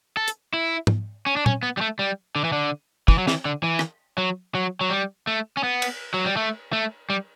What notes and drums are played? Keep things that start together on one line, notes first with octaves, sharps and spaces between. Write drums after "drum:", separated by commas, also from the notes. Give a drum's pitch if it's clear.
A4
drum: hi-hat
E4
drum: tom
C#4
D4
C#4, drum: tom
B3
G3
A3
G3
D3
E3
D3
E3, drum: kick
F#3
E3, drum: snare
D3
E3
drum: rim click
F#3
F#3
F#3
G3
A3
C#4
B3
drum: cymbal
F#3
G3
A3
A3
G3